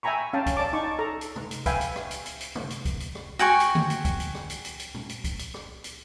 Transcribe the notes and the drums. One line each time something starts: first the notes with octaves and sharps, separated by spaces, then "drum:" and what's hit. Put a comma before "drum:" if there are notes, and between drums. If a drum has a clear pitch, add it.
E5 G5 G#5 A#5 B5 C#6
C#4 F5 G5 A5
drum: kick C#2, hi-hat
D5 A5 D6
D#4 A5 C#6
A4 A#5
drum: hi-hat
drum: tom C3
drum: hi-hat
B4 E5 F5 G5 G#5 B5, drum: kick C#2, hi-hat
drum: hi-hat
drum: rim click
drum: hi-hat
drum: hi-hat
drum: hi-hat
drum: tom C3
drum: hi-hat
drum: kick C#2, hi-hat
drum: hi-hat
drum: rim click
F#4 G5 G#5 C#6
drum: hi-hat
drum: tom D3
drum: hi-hat
drum: kick C#2, hi-hat
drum: hi-hat
drum: rim click
drum: hi-hat
drum: hi-hat
drum: hi-hat
drum: tom A#2
drum: hi-hat
drum: kick C#2, hi-hat
drum: hi-hat
drum: rim click
drum: hi-hat